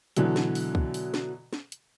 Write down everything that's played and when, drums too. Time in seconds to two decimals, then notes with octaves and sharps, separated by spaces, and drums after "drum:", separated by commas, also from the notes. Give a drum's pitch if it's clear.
0.16 B2 D3 E3 F#3, drum: hi-hat
0.36 drum: snare
0.55 drum: open hi-hat
0.75 drum: kick
0.94 drum: open hi-hat
1.14 drum: snare
1.53 drum: snare
1.72 drum: hi-hat